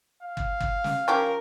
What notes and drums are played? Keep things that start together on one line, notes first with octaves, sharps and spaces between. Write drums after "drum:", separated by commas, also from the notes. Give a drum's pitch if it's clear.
F5
drum: kick
drum: kick
drum: snare
F3 C#4 G4 A#4